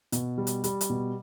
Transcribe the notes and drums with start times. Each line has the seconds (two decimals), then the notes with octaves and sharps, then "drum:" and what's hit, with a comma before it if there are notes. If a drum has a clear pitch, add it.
0.12 B2, drum: hi-hat
0.38 G3
0.47 drum: hi-hat
0.64 G3, drum: hi-hat
0.81 drum: hi-hat
0.90 B2